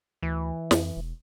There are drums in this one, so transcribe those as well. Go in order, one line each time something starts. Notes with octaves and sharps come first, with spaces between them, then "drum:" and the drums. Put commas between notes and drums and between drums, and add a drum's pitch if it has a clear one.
D2 E3
F2, drum: snare
E1